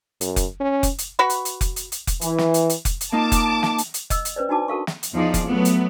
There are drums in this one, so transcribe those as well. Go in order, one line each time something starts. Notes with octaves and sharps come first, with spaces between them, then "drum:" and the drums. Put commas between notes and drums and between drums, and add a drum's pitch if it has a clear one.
F#2, drum: hi-hat
drum: kick F1, hi-hat
C#4
drum: kick F1, hi-hat
drum: hi-hat
F#4 B4 B5 C#6
drum: hi-hat
drum: hi-hat
drum: kick F1, hi-hat
drum: hi-hat
drum: hi-hat
drum: kick F1, hi-hat
E3, drum: hi-hat
drum: snare
drum: hi-hat
drum: hi-hat
drum: kick F1, hi-hat
drum: hi-hat
A#3 D#4 F4 A5 D6
drum: kick F1, hi-hat
drum: snare
drum: hi-hat
drum: hi-hat
D#5 E6, drum: kick F1, hi-hat
drum: hi-hat
C#4 B4 C5 D5
D4 D#4 F#4 A5 D6
F#4 A4 A#4 F5 C#6
drum: snare
drum: hi-hat
E2 F3 D#4 G#4 D5
drum: kick F1, hi-hat
F#3 A3 B3
drum: hi-hat